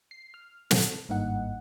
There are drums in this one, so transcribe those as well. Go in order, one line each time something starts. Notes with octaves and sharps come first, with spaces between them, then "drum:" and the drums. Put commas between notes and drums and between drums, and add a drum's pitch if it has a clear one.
C7
F6
A4, drum: snare
G#1 G2 A#3 D#4 F#5